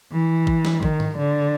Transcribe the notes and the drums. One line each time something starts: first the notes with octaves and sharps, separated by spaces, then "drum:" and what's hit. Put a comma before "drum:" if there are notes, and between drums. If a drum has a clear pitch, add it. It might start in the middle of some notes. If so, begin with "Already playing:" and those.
E3
drum: kick
drum: snare
D#3, drum: kick
drum: tom G#2
D3